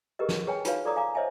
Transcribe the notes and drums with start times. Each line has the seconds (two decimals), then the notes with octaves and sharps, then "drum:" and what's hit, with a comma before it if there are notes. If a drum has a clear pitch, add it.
0.19 G4 G#4 A#4 B4 D#5
0.29 drum: snare
0.47 G#4 B4 C#5 G5 G#5
0.65 D#4 F4 F#4 B4 C#5 F5, drum: hi-hat
0.85 F4 A4 D5 A#5 D6 D#6
0.96 F5 G#5 A#5 D6
1.14 C5 C#5 D#5 E5 G#5 A5